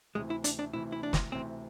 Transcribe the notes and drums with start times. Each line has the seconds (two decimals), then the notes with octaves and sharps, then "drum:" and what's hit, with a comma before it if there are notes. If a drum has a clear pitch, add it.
0.15 D2 C3 E3 G#3
0.30 E4
0.44 D4, drum: hi-hat
0.59 D4
0.73 D2 C3 E3 E4
0.92 E4
1.03 D4
1.13 drum: snare
1.32 D2 C3 E3 C4